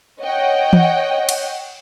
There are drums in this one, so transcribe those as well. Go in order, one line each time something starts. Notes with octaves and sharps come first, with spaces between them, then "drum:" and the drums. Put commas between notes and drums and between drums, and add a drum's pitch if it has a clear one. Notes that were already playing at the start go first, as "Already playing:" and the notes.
C#5 D#5 F#5 G5
drum: tom E3
drum: cymbal